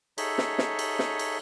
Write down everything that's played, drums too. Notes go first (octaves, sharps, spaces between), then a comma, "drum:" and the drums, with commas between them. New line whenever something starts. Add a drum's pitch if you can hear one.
D#4 G#4 A4 C#5 E5, drum: cymbal
drum: snare
drum: snare
drum: cymbal
drum: snare
drum: cymbal